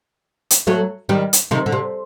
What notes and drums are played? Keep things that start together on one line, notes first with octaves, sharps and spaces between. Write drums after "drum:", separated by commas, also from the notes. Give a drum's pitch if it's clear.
drum: hi-hat
F#3 A3
D#3 G3
drum: hi-hat
C3 D#3
D3
C3